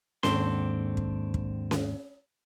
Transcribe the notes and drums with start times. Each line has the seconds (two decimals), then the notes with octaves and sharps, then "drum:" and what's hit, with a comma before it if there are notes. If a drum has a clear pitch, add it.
0.23 D#2 G#2 C4 D4 A4 C6, drum: snare C#4
0.97 drum: kick
1.34 drum: kick
1.71 drum: snare C#4